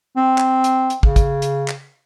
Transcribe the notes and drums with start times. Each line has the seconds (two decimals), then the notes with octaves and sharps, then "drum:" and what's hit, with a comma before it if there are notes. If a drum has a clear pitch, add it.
0.17 C4
0.38 drum: clap
0.64 drum: hi-hat
0.90 drum: hi-hat
1.03 C#3, drum: kick
1.16 drum: kick, hi-hat
1.42 drum: hi-hat
1.68 drum: clap